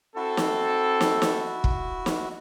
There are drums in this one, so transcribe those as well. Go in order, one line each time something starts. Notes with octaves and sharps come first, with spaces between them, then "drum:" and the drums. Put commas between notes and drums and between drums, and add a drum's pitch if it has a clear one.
C4 E4 F#4 A4
drum: snare
drum: snare
drum: snare
drum: kick
drum: snare